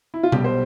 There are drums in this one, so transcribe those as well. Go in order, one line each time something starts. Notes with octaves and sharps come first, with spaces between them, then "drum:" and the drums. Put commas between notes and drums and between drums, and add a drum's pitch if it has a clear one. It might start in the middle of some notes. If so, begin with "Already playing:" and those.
E4
F4
B1 B2 G3 G4, drum: tom C3
C5